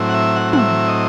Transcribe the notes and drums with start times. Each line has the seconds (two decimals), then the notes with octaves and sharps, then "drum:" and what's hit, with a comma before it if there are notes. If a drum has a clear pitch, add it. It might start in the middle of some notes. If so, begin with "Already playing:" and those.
Already playing: A2 F#3 C4 E4
0.09 F#5
0.14 E5
0.36 F#5
0.53 F#5, drum: tom
0.59 E5
0.88 D#5